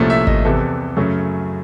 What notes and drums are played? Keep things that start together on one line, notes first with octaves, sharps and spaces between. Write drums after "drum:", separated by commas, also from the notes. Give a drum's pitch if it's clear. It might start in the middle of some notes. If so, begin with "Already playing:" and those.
Already playing: C2 A#2 F3 A3 C#4
E5
D#5, drum: kick G#1
E2 C3 E3 A4
F#2 C#3 F#3 A3 C#4